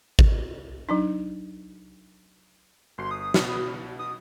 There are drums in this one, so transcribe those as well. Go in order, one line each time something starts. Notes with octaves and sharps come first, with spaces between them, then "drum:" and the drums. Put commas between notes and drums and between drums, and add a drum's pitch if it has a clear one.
drum: kick G#1
F#3 D4 D#4
G1 F#4 C6 C7
D#6
B2 B5 F6, drum: snare
D#6